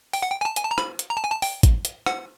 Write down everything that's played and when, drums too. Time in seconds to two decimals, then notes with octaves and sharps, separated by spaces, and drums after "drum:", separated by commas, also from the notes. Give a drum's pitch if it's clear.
0.13 G5, drum: open hi-hat
0.22 F#5
0.30 G5
0.41 G#5
0.45 A5
0.56 G#5, drum: hi-hat
0.64 A5
0.71 A#5
0.78 B5, drum: rim click
0.99 drum: hi-hat
1.10 A#5
1.17 A5
1.24 G#5
1.31 A5
1.42 G5, drum: open hi-hat
1.63 drum: kick, hi-hat
1.85 drum: hi-hat
2.06 F#5, drum: rim click